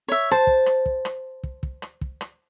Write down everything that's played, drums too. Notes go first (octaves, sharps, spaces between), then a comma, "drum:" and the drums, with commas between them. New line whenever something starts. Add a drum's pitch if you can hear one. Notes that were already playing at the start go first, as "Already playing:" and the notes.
C#5 E5
C5 A5
drum: kick
drum: rim click
drum: kick
drum: rim click
drum: kick
drum: kick
drum: rim click
drum: kick
drum: rim click